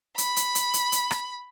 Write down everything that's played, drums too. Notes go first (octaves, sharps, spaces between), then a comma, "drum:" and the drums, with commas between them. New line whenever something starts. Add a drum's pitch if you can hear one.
B5, drum: hi-hat
drum: hi-hat
drum: hi-hat
drum: hi-hat
drum: hi-hat
drum: rim click